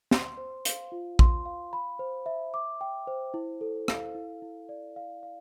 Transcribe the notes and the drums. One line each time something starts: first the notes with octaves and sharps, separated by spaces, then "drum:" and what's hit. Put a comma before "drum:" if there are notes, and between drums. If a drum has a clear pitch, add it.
C6, drum: snare
C5
F5, drum: hi-hat
F4
C6, drum: kick A#1
F5
B5
C5
E5
D6
G5
C5
E4
A4
F5, drum: rim click
E4
E4
D5
F5
F5